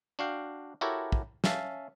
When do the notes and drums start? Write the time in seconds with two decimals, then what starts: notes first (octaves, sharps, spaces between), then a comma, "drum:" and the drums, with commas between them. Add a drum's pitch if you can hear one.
0.19 D4 F#4 F5 G5
0.81 E4 F#4 G4 A4 A#4 C#5
1.12 drum: kick
1.44 C#4 E5 F5 A5, drum: snare